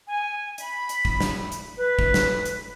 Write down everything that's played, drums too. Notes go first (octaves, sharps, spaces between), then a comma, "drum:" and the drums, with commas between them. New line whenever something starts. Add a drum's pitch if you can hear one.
G#5
B5, drum: hi-hat
drum: hi-hat
drum: kick
drum: snare
drum: hi-hat
B4
drum: kick
drum: snare
drum: hi-hat